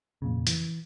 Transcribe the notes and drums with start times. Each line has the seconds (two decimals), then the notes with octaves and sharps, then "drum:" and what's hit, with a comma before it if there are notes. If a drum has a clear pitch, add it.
0.22 F2 A#2 C#3
0.47 E3, drum: hi-hat